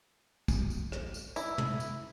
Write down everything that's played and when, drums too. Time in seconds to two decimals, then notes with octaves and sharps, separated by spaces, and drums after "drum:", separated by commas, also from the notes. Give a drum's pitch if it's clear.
0.48 drum: kick, tambourine
0.70 drum: tambourine
0.92 drum: rim click
1.14 drum: tambourine
1.36 E4, drum: tambourine
1.58 drum: tom
1.80 drum: tambourine